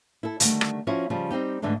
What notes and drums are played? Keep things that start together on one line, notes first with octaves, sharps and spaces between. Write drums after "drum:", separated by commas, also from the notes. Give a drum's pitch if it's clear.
E4 A4
D3 D#3 G3 A3, drum: hi-hat
drum: rim click
F3 C#4 E4 F#4 C#5
C#3 F3 G3
G3 C4 D#4 G4
G#2 D3 E3 A3 D4